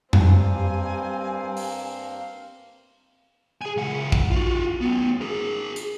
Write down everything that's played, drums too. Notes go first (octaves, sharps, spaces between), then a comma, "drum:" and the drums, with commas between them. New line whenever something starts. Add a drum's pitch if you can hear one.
G2 G3 A#3 C4 F5 G#5, drum: tom F2
drum: open hi-hat
G#4 G#5
C#2 F#5
drum: kick
F4 F#4
B3 C#4
G#4 A#4
drum: hi-hat